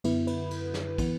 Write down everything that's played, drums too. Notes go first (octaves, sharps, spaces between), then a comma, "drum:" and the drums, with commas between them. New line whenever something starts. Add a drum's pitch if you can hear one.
F#2 D3 B3 E4, drum: cymbal
B4, drum: cymbal
drum: cymbal
drum: snare
E3 B3, drum: kick, cymbal